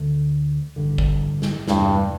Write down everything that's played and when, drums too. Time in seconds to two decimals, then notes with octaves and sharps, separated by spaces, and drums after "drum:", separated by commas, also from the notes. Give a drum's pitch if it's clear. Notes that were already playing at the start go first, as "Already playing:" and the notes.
Already playing: D2 D3 A3
0.76 A1 G2 D3
0.98 drum: kick
1.42 drum: snare
1.68 E2 G2 C3 A3, drum: snare